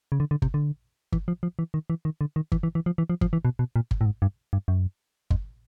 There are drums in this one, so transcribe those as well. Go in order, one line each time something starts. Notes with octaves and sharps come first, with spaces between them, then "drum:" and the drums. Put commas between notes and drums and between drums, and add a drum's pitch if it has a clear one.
C#3
D3
D3
C3, drum: kick G1
D3
E3, drum: kick G1
F3
F3
E3
D#3
E3
D#3
D3
D#3
E3, drum: kick G1
E3
E3
F3
E3
F3
F3, drum: kick G1
E3
B2
B2
A#2
drum: kick G1
A2
G#2
G2
G2
F#2
F2, drum: kick G1